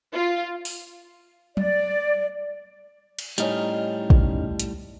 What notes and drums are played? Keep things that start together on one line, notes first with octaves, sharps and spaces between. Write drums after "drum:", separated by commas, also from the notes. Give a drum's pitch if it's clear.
F4
drum: open hi-hat
D5, drum: tom F#3
drum: cymbal
A2 G3 C#4 D#4 F6, drum: hi-hat
drum: kick
drum: hi-hat